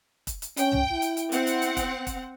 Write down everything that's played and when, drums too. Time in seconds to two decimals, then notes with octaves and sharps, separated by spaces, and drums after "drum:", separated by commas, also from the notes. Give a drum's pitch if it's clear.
0.27 drum: kick, hi-hat
0.42 drum: hi-hat
0.57 C#4 G5, drum: hi-hat
0.72 drum: tom
0.92 E4
1.02 drum: hi-hat
1.17 drum: hi-hat
1.32 C4 F#5, drum: hi-hat
1.47 drum: hi-hat
1.62 drum: hi-hat
1.77 drum: kick, hi-hat
2.07 drum: kick, hi-hat